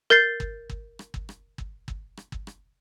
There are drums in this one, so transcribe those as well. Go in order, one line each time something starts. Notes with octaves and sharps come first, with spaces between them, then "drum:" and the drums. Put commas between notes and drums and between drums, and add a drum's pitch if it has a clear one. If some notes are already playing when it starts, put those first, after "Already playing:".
A#4 G6 A6 C7, drum: rim click
drum: kick
drum: kick
drum: rim click
drum: kick
drum: rim click
drum: kick
drum: kick
drum: rim click
drum: kick
drum: rim click